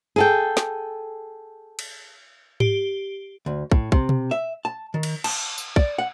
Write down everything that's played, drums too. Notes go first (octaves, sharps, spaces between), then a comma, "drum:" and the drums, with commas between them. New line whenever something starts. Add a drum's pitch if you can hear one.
G#4 A4 G5
drum: snare
drum: cymbal
G4, drum: tom G#2
D2
A2, drum: kick
C3, drum: kick
drum: tom B2
E5
A5
D#3
drum: cymbal
A5, drum: cymbal
drum: tambourine
D5, drum: kick
F#5